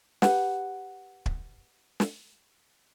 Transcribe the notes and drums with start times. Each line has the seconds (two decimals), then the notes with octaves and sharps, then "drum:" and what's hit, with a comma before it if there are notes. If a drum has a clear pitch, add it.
0.22 G4 B4 F#5, drum: snare
1.26 drum: kick
2.00 drum: snare